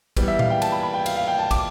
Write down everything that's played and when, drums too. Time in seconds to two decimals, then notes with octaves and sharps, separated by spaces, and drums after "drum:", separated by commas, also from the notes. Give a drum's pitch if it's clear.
0.17 E3 G3 B3, drum: kick, cymbal
0.28 E5
0.39 F5, drum: tom A#2
0.50 G5
0.62 A5, drum: cymbal
0.72 B5
0.83 B5
0.94 G5
1.06 F5, drum: cymbal
1.16 F5
1.28 G5
1.39 A5
1.51 D6, drum: kick, cymbal